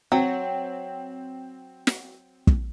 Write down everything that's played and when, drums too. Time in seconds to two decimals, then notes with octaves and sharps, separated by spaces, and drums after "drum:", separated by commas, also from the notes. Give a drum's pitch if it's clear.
0.12 F#3 C4
1.87 drum: snare
2.47 drum: kick